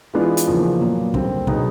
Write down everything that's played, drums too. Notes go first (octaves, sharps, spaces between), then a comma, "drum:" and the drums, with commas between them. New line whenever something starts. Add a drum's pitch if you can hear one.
E3 G#3 B3 D4 F4
drum: hi-hat
E2 C#3 F3 A#3 D#4
A#2 F#3 B3
D#2 D3 G3 C4, drum: kick
B2 F#3 B3 D#4 G#4, drum: kick